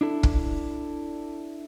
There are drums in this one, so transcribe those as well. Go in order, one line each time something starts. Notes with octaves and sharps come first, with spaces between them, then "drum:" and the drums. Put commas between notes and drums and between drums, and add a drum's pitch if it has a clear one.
D4 E4 A4
drum: kick